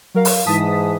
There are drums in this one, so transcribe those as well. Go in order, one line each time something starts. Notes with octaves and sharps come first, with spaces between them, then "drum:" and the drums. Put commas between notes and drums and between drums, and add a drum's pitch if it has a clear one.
F#3 A#4 F5
drum: open hi-hat
G#2 E3 A5 D#6 B6